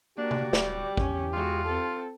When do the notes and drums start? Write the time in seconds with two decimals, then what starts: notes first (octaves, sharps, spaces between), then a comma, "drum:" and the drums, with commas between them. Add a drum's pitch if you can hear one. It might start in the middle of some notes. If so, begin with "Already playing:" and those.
0.18 A#3 D4 F#4 G4 D5
0.31 drum: tom C3
0.53 D1 G3, drum: snare
0.97 E2 C#4, drum: kick
1.33 G#3 F4 F#4
1.66 C4 A4